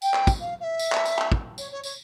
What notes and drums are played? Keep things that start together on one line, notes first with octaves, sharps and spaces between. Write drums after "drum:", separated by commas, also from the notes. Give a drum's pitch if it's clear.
G5, drum: tambourine
drum: clap
drum: kick, tambourine
F5
F5
E5
drum: tambourine
drum: clap
drum: tambourine
drum: clap
drum: kick
C#5, drum: tambourine
C#5
C#5, drum: tambourine